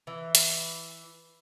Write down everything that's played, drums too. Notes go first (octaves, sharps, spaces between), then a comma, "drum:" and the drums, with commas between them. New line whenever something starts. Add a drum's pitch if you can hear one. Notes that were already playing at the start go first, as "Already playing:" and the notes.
E3
drum: hi-hat